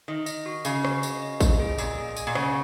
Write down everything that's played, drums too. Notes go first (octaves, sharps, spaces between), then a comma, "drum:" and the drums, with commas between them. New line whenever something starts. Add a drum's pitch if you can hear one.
D#3 D#5
D#5, drum: tambourine
F#4
C#3 F#4, drum: tambourine
F#4, drum: rim click
D#5, drum: tambourine
D#5
D#5, drum: kick, tambourine
G#4
A#2 D#5, drum: tambourine
G#4
G#5, drum: tambourine
A#2
C#3 F#5, drum: rim click